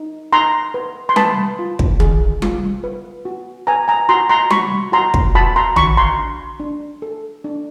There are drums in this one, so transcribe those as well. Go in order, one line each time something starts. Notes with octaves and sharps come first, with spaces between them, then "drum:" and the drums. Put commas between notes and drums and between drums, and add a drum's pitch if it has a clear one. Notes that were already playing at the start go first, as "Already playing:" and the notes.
Already playing: D#4
D#4 A#5 C6
B4
C6
B4 A5 B5, drum: tom G3
F4
drum: kick
G#4, drum: tom
F4, drum: tom G3
B4
F#4
B4 G#5 A#5
G#5 A#5
F#4 A#5 C6
A#5 C6
F#4 B5 C#6, drum: tom G3
F#4 A#5 C6
drum: kick
F#4 A5 B5
A#5 C6
F#4 B5 C#6, drum: tom
A#5 C6
D4
D4
A4
D4